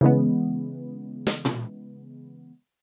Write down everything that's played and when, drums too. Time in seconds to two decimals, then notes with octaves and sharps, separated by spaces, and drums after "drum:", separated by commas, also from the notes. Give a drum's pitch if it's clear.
0.01 C#3 E3 G#3 B3
1.27 drum: snare
1.45 drum: tom A#2